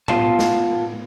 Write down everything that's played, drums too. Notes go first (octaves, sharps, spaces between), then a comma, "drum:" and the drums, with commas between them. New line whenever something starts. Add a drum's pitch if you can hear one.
B3 F4 F5 A5, drum: tom A2
drum: snare